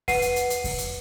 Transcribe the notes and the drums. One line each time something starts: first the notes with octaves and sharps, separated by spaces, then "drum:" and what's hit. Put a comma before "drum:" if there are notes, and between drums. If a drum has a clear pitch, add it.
B4 F#5 C7 D#7, drum: kick E2, open hi-hat
drum: hi-hat
drum: hi-hat
drum: hi-hat
drum: kick E2, open hi-hat
drum: hi-hat